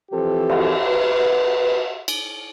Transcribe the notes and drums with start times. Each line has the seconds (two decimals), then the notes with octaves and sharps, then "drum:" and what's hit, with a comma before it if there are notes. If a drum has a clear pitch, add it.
0.12 E3 F3 C4 G4 A4
0.50 drum: cymbal
0.82 B4
2.08 drum: cymbal